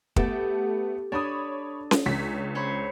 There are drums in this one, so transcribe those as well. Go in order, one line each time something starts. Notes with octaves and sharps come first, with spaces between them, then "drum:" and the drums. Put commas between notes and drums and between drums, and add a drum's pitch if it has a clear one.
A3 B3 G4 A4, drum: kick
D4 C#5 B5 D#6
drum: snare C#4
C#2 C#4 B6
C5 C#5 B5